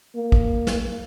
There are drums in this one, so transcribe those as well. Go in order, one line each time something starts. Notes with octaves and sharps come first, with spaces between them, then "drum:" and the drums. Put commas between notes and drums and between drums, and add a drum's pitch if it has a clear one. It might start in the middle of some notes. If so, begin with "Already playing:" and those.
A#3
drum: kick
drum: snare